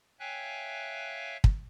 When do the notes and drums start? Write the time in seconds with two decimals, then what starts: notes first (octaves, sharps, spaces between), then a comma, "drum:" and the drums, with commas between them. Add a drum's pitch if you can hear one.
0.20 C#5 E5 F5 G5 G#5 F#6
1.44 drum: kick